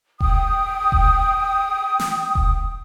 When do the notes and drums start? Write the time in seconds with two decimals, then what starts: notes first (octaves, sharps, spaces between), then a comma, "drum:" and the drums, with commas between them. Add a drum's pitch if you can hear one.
0.20 G5 D#6, drum: kick E1
0.92 drum: kick E1
1.99 drum: snare
2.35 drum: kick E1